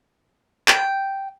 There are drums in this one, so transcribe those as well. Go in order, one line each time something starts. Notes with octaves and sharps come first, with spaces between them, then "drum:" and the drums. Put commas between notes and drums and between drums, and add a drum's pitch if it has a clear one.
G5, drum: clap